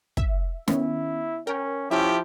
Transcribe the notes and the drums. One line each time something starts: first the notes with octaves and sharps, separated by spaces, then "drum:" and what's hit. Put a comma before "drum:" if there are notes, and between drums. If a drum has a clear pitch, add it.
E5, drum: kick
D#3 B3 C#4 E4, drum: snare
C#4 A#4 G5
F3 C#4 E4 G4 E5